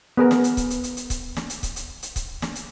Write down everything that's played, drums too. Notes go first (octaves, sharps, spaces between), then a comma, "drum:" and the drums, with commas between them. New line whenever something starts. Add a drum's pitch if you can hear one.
B3 G#4 A#4
drum: snare
drum: hi-hat
drum: kick C#1, hi-hat
drum: hi-hat
drum: hi-hat
drum: hi-hat
drum: kick C#1, hi-hat
drum: snare
drum: hi-hat
drum: kick C#1, hi-hat
drum: hi-hat
drum: hi-hat
drum: kick C#1, hi-hat
drum: snare
drum: hi-hat